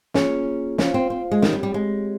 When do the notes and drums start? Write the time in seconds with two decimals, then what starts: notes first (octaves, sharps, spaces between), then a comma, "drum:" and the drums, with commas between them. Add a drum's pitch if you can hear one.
0.14 A#3 C#4 F4 G#4, drum: snare
0.78 C#4 F4 C5 F5, drum: snare
0.94 C4
1.10 C4
1.31 G#3
1.42 D#3 C4 G4 C#5, drum: snare
1.53 G3
1.63 G3
1.74 G#3